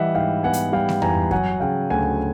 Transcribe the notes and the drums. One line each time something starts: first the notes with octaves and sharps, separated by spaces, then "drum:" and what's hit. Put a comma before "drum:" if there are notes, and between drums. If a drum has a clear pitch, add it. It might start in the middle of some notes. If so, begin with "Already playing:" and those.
Already playing: E3 G3 D#5 E5 F#5
G#2 F5 G5
B3 F#5 G#5
drum: hi-hat
G3 F5 G5
drum: snare A3
E3 G#5 A#5, drum: tom F2
F#3 F#5 G#5, drum: kick F#2
C#3 F5 G5
D2 F#5 G#5